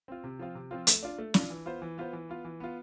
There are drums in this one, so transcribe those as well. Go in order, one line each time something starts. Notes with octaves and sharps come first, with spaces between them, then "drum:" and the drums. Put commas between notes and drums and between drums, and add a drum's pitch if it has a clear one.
C4 F4
C3
F3 C4 F4
C3
F3 C4 F4
A3, drum: hi-hat
D4 F4
A3
D4 F4, drum: snare
E3
B3 F4 C5
E3
B3 F4 C5
E3
B3 F4
E3
B3 F4